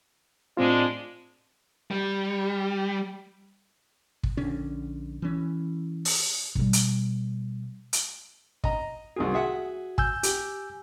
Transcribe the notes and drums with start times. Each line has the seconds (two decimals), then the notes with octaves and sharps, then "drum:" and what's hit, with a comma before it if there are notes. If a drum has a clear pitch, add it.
0.57 A2 G#3 C4 D4 F4
1.91 G3
4.23 drum: kick
4.37 A#1 D3 C#4
5.22 E3 C#4
6.05 drum: open hi-hat
6.55 B2 G3, drum: kick
6.73 drum: hi-hat
7.93 drum: hi-hat
8.64 D#5 A#5, drum: kick
9.16 C2 D#3 F#4 G#4
9.34 G#4 E5 F#5
9.98 G#5 E6 G6, drum: kick
10.23 G4, drum: hi-hat